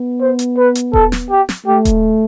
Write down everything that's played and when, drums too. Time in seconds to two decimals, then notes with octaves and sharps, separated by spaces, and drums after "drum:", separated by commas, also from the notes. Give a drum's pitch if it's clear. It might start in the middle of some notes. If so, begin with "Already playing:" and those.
Already playing: B3
0.21 C5
0.39 drum: hi-hat
0.57 B4
0.75 drum: hi-hat
0.93 A4, drum: kick D#1
1.12 drum: snare
1.30 G4
1.49 drum: snare
1.67 A3 G4
1.85 drum: kick D#1, hi-hat